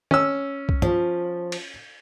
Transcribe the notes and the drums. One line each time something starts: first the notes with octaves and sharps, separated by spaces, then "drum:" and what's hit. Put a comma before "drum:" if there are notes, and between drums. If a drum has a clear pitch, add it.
C#4 E6, drum: tom D#3
drum: kick C2
F3, drum: tom
drum: cymbal